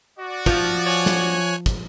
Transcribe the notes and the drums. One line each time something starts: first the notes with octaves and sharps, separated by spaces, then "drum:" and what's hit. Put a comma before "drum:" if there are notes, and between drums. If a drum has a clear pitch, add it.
F#4 D5
F3, drum: kick, hi-hat
C#5 G#5 F#6
drum: snare
drum: kick, hi-hat